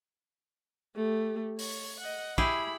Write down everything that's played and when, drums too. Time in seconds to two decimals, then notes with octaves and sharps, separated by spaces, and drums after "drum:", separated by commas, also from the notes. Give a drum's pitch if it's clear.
0.96 A3 G4
1.59 C#5, drum: open hi-hat
2.01 D#5 F#5
2.38 E4 G4 G#4 B5, drum: kick